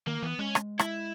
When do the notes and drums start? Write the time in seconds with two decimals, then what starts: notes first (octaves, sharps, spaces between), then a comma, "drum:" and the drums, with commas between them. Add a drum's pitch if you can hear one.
0.07 D#3 A#3
0.23 E3 B3
0.39 G#3 C#4
0.55 drum: rim click
0.79 E4, drum: rim click